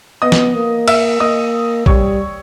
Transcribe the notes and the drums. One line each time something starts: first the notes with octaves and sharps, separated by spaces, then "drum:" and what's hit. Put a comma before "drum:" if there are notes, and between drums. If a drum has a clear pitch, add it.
B3 D#5 D#6
drum: snare
A#3
E5 E6, drum: cymbal
A#3 D#5 D#6
G3 C#5 C#6, drum: kick